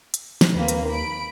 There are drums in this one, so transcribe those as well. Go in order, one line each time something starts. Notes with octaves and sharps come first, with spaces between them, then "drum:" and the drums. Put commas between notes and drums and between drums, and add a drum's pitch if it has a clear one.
drum: hi-hat
drum: snare
D#2 A#3 C4 B4
drum: hi-hat
B5 D7